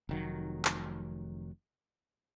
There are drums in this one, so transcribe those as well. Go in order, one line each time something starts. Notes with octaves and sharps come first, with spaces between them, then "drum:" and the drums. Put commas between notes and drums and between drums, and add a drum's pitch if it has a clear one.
F1 D#3 F#3
drum: clap